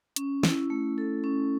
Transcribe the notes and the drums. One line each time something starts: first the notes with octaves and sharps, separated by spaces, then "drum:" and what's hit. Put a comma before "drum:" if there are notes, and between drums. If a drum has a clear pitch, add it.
C#4, drum: hi-hat
E4, drum: snare
A3
A4
C#4